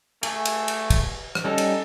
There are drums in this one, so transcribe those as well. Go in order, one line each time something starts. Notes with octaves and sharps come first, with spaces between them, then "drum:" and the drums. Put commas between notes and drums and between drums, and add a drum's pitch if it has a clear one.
A3 G#4, drum: cymbal
drum: cymbal
drum: cymbal
drum: kick, cymbal
drum: rim click
G3 C#4 D#4 A4
drum: cymbal